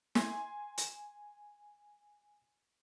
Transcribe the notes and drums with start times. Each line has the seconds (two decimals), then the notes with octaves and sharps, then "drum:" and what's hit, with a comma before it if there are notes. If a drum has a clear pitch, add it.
0.15 G#5 C6, drum: snare
0.78 drum: hi-hat